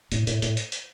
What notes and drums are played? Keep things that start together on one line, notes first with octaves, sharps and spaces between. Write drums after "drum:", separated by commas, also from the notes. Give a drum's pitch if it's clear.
A2, drum: hi-hat
A2, drum: hi-hat
A2, drum: hi-hat
drum: hi-hat
drum: hi-hat